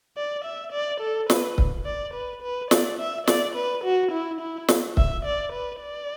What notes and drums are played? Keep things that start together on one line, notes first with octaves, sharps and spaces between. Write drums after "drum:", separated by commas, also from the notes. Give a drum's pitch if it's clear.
D5
E5
D5
A4
B4, drum: snare
drum: kick C#1
D5
B4
B4
D5, drum: snare
E5
D5, drum: snare
B4
F#4
E4
E4
drum: snare
E5, drum: kick C#1
D5
B4
D5